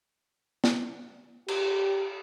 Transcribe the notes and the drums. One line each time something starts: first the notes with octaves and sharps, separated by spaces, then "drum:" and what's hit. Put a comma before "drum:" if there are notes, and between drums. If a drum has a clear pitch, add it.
drum: snare
G4, drum: cymbal